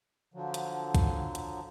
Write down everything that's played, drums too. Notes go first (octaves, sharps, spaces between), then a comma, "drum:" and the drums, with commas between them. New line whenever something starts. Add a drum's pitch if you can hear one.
D3 F3 F#3
drum: hi-hat
drum: kick, hi-hat
drum: hi-hat